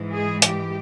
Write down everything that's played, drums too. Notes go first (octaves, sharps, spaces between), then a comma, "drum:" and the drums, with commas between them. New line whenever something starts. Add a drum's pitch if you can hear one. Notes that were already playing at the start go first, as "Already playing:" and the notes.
Already playing: G#2 E3 G#3
G#4
G4, drum: hi-hat